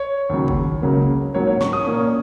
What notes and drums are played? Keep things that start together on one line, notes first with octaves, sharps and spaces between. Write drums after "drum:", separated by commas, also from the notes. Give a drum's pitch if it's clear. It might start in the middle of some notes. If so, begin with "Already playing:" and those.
Already playing: C#5
D#2 C#3 F#3
drum: kick G1
C#2 C#3 F#3 A#3
G#2 F#3 A#3 C#5
C#5
C#6, drum: snare
D#6
A#2 A#3 C#4